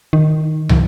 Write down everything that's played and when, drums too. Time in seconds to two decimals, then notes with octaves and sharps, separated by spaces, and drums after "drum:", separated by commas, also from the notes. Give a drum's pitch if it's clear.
0.13 D#3
0.69 E3, drum: tom